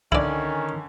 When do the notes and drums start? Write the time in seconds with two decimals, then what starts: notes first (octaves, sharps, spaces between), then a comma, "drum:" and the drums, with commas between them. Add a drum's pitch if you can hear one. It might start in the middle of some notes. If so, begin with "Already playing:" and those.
0.12 D3 D#3 C#4 E4 D5 G#5, drum: kick